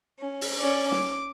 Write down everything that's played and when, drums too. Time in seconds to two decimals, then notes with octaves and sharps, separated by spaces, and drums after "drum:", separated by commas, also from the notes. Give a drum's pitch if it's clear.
0.20 C#4
0.41 drum: open hi-hat
0.60 C#4 D5
0.92 D6, drum: snare